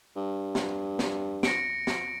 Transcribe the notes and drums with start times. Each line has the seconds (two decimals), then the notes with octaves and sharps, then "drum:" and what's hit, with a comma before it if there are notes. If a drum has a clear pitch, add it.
0.16 G2
0.55 drum: snare
0.99 drum: snare
1.43 A#6 C#7 D7, drum: snare
1.87 drum: snare